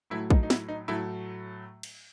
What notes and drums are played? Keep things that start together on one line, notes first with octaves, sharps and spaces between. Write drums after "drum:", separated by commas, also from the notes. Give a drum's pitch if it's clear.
A2 F#3 A3 E4
D#4, drum: kick
D#4
E4, drum: snare
D#4
A2 F#3 A3 E4
drum: cymbal